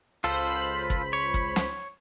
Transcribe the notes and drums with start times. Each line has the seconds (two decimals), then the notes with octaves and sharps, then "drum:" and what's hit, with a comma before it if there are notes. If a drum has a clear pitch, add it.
0.24 C#2 F4 A4 C5 B5
0.90 drum: kick
1.13 C#5
1.34 drum: kick
1.56 drum: snare